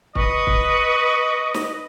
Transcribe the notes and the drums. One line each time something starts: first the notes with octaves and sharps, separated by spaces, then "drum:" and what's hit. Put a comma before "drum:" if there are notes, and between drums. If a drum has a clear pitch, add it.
B4 D#5 C#6 D#6, drum: kick
drum: kick
drum: snare